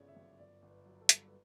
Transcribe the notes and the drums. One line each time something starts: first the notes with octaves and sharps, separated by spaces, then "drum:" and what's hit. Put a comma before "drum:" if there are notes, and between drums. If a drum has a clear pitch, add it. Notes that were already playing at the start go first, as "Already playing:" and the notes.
Already playing: G1 C#3 E3 C#5 D5
E5
F#2
G1 D5
G1
B4
F#3
A4
G2, drum: hi-hat
B4